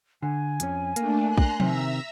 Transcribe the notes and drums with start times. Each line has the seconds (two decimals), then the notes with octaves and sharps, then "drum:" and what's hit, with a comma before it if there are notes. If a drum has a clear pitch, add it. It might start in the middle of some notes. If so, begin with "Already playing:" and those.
0.22 D3 G#5
0.60 F2 C#4, drum: hi-hat
0.96 A3 A#3 D4, drum: hi-hat
1.28 A#5 C6 F#6
1.38 drum: kick
1.60 C3 D#3 E5 A#5 E6, drum: tom F3